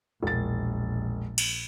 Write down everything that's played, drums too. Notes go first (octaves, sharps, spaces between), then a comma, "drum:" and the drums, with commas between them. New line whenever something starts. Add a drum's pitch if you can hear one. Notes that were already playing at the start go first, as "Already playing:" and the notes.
E1 A#1 A6
drum: cymbal